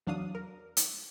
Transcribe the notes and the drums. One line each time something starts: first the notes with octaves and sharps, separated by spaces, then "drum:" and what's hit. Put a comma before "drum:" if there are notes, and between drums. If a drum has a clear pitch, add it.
E2 F#3 D4 F5 D#6
A#4
drum: hi-hat